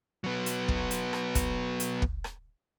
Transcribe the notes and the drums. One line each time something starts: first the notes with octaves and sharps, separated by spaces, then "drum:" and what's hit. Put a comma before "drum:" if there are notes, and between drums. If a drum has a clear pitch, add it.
F#3 B3
drum: hi-hat
drum: kick
drum: hi-hat
drum: rim click
drum: kick, hi-hat
drum: hi-hat
drum: kick
drum: rim click